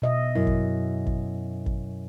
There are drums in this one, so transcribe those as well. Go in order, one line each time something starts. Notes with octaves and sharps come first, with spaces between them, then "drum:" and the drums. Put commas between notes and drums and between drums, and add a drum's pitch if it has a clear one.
B2 D#5 E5
F#2 E4
drum: kick
drum: kick
drum: kick